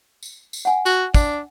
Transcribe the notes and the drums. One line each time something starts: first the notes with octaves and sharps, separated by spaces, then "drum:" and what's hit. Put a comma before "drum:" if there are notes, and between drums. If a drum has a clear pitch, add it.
drum: tambourine
drum: tambourine
F#5 G#5
F#4, drum: tambourine
D4, drum: kick, tambourine